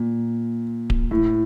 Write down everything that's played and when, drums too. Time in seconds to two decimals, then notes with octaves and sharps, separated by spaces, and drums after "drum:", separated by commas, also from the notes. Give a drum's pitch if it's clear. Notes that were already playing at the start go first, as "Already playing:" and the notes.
Already playing: A#2
0.90 drum: kick D1
1.11 A2